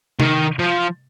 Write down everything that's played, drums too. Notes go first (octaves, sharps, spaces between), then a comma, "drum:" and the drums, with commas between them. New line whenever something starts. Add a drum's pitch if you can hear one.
D#3, drum: tom C3
F3